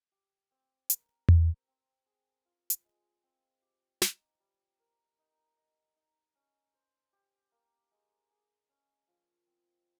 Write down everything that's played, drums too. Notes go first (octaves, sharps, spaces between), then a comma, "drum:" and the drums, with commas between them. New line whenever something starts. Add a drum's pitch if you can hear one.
G4
C4
A#4, drum: hi-hat
C4, drum: tom E2
C4
G#4
F4
drum: hi-hat
G#3
C4
G4
D#4, drum: snare
G3
A#4
D#4
D#5
D#4
C#4
C5
G4
A#3
G#3
G#4
C#4
F3
C4